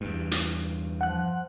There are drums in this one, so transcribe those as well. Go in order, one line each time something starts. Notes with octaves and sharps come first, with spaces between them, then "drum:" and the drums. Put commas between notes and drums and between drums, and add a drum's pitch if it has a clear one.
E2 G2
drum: hi-hat
F3 F#5 F#6